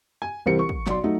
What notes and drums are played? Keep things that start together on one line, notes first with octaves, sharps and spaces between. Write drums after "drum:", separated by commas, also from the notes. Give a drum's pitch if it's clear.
G#5
C2 E3 C4 A#4 C#7
C#6
drum: kick
B1 D5 C6, drum: clap
F#3 A3 D#4